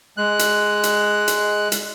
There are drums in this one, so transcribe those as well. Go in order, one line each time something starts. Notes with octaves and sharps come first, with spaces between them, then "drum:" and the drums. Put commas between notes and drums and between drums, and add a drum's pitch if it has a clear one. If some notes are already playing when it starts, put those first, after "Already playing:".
G#3 F#6
drum: hi-hat
drum: hi-hat
drum: hi-hat
drum: hi-hat